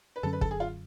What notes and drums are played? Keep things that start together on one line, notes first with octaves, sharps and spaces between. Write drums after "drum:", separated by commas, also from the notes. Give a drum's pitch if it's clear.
B4
F#2 D3 F#3 C#4 A4
B4
A4, drum: kick
G#4
F4